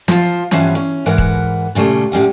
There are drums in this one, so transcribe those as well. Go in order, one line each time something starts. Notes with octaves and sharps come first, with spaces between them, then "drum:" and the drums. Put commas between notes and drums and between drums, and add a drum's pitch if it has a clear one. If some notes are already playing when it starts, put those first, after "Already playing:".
F3 F4, drum: snare
G2 E3 F3 B3 C#4, drum: snare
C#4
G#2 E3 A#4 B4 F#5
drum: kick D#1
A#2 C#3 G3 A3
A2 G3 C#4 F#5